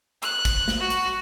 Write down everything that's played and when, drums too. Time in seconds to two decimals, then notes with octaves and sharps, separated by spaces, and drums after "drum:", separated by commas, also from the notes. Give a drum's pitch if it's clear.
0.23 F#6, drum: hi-hat
0.45 drum: kick, hi-hat
0.68 drum: snare
0.80 F#4
0.90 drum: hi-hat